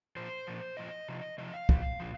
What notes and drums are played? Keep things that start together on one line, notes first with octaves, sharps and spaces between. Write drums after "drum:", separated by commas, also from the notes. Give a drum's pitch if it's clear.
A#2 F3 C5
A#2 F3
A#2 F3 D#5
C3 F3
C3 F3 D#5
F5
A#2 F3, drum: kick
A#2 F3